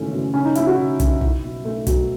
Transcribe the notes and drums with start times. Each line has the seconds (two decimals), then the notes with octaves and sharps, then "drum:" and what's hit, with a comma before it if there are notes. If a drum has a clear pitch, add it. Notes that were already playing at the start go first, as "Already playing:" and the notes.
Already playing: G#1 F#2 C#3 E3 A3 C#4
0.11 F#2 C#3 E3
0.34 F#1 C#4
0.45 D#4
0.55 F#2 C#3 E4, drum: hi-hat
0.67 F#4
0.77 F#1
1.00 F#2 C#3, drum: kick, hi-hat
1.21 B1 E4, drum: kick
1.43 B2 F#3
1.65 B1 A3
1.87 B2 F#3, drum: kick, hi-hat